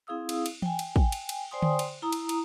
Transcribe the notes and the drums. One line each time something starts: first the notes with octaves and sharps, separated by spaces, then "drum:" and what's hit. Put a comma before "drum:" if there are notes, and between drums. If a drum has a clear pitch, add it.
C4 E4 G#4 F5 D#6 E6
drum: cymbal
drum: cymbal
G5 G#5, drum: tom E3
drum: cymbal
drum: kick
drum: cymbal
drum: cymbal
C5 D5 G5 G#5 C6 D#6
drum: tom D3
drum: cymbal
E4 A#5 D#6
drum: cymbal
drum: cymbal